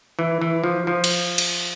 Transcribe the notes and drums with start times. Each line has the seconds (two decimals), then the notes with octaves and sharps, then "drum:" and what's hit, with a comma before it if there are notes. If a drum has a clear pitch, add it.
0.19 E3
0.41 E3
0.64 F3
0.87 F3
1.04 drum: cymbal
1.38 drum: cymbal